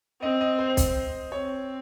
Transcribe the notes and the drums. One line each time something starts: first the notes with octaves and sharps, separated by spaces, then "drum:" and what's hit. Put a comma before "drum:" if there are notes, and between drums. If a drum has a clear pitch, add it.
C4 D#5
D#5
C5
drum: kick B1, hi-hat
C4 C#5